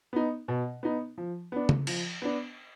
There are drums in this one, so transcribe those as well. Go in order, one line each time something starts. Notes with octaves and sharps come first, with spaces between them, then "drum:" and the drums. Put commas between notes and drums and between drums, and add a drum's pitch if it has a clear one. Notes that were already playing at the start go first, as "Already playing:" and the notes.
B3 D#4
B2
B3 D#4
F3
B3 D4
drum: tom C#3
F3, drum: cymbal
B3 D4